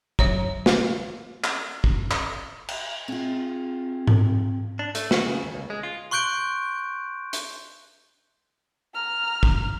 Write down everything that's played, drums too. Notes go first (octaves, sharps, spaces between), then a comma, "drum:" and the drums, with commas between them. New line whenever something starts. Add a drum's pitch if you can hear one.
F#3 C#5 A#5, drum: kick
drum: snare
drum: clap
drum: kick
drum: clap
drum: cymbal
C4 F4 G#4
drum: tom G#2
D4
A3, drum: hi-hat
F#4, drum: snare
C#3
D#2
C#2
G#3
F4
C6 C#6 F#6 G6 D7
drum: hi-hat
A#5 F6
drum: kick